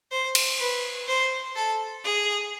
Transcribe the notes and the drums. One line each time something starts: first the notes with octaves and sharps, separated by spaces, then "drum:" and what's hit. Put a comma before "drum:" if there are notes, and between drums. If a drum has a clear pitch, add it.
C5
drum: cymbal
B4
C5
A4
G#4